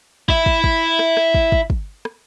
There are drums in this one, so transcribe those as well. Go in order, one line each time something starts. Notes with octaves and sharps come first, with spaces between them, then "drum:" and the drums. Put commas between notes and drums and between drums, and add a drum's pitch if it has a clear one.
E4 E5, drum: kick
drum: kick
drum: kick
drum: rim click
drum: rim click
drum: kick
drum: kick
drum: kick
drum: rim click